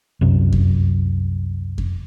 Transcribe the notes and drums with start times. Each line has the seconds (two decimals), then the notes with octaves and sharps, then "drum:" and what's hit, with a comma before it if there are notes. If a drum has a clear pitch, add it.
0.21 C2 F#2 C3
0.53 drum: kick F2
1.78 drum: kick F2